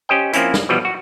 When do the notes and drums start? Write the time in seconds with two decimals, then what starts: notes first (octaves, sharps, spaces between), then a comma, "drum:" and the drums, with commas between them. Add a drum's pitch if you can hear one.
0.09 C#4 G4 C5 D#5 G5
0.33 F3 A#3 C4 C#4 E4, drum: hi-hat
0.54 drum: snare
0.69 B2 E3 F3 G3 B3
0.85 F#4